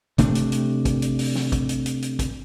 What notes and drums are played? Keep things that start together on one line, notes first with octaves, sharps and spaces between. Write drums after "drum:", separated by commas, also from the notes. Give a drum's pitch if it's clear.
C3 A3 D4, drum: kick, hi-hat
drum: hi-hat
drum: hi-hat
drum: kick, hi-hat
drum: hi-hat
drum: open hi-hat
drum: snare
drum: kick, hi-hat
drum: hi-hat
drum: hi-hat
drum: hi-hat
drum: kick, hi-hat